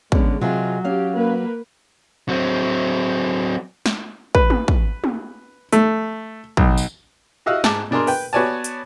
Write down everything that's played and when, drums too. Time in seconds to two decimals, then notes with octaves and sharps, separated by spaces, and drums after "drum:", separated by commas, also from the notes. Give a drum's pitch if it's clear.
0.12 D3 G#3 B3 C#4, drum: kick
0.41 C3 F#3 F4 G#4 D#5
0.84 C#4 G4 F5
1.14 A#3 B4
2.29 F#3 C4
3.86 drum: snare
4.35 B4, drum: kick
4.50 drum: tom
4.68 drum: kick
5.04 drum: tom
5.73 A3, drum: hi-hat
6.57 B1, drum: kick
6.78 drum: tambourine
7.46 E4 F#4 D#5 F5 E6 F#6
7.64 G#2 A5 D6, drum: snare
7.91 B2 D4 G#4 A#4 C6
8.07 B4 G5, drum: open hi-hat
8.33 B3 F#4 C#5 D5 G#5 A5
8.64 drum: hi-hat